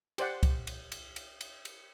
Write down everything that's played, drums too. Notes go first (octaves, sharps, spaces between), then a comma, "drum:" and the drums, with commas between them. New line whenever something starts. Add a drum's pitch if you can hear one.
G4 C5 D5 F#5, drum: cymbal
drum: kick C2, cymbal
drum: cymbal
drum: cymbal
drum: cymbal
drum: cymbal
drum: cymbal